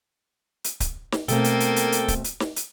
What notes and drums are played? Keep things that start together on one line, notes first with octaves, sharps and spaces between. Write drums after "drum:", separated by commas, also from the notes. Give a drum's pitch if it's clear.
drum: hi-hat
drum: kick C#1, hi-hat
drum: snare
B2 A3 A#3 C4 A4 G5, drum: hi-hat
drum: hi-hat
drum: hi-hat
drum: hi-hat
drum: hi-hat
drum: kick C#1, hi-hat
drum: hi-hat
drum: snare
drum: hi-hat